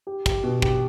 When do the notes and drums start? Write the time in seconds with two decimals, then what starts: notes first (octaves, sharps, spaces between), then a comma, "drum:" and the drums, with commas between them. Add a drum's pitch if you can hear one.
0.07 G4
0.26 G4, drum: kick, cymbal
0.43 B2
0.62 G4, drum: kick